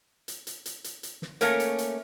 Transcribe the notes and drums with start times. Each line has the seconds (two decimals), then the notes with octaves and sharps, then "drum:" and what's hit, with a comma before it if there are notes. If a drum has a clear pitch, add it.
0.28 drum: hi-hat
0.47 drum: hi-hat
0.66 drum: hi-hat
0.84 drum: hi-hat
1.03 drum: hi-hat
1.22 drum: snare
1.41 A3 A#3 C#4 A#4 C#5, drum: hi-hat
1.60 drum: hi-hat
1.78 drum: hi-hat